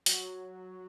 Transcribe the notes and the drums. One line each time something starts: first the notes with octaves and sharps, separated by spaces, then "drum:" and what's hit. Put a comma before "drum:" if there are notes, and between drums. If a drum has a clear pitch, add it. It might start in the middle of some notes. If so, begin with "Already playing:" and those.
F#3, drum: hi-hat